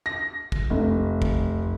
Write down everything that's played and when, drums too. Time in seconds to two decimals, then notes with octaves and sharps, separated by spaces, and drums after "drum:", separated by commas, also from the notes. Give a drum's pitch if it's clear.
0.06 A#6
0.52 drum: kick
0.70 F1
1.22 drum: kick